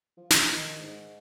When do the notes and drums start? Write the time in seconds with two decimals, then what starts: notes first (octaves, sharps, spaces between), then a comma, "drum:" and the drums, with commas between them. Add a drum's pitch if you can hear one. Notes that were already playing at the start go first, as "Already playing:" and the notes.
0.17 F3
0.30 drum: snare
0.49 D#3
0.80 G#2